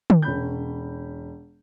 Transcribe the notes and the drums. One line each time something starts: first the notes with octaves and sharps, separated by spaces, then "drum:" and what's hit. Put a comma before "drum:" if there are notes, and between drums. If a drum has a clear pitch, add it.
drum: tom
E1 C#4 B5 G6